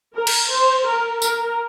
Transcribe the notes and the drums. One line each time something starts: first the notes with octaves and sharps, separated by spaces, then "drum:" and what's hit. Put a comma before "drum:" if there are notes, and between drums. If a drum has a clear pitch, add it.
A#4
drum: cymbal
C5
A#4
A#4, drum: tambourine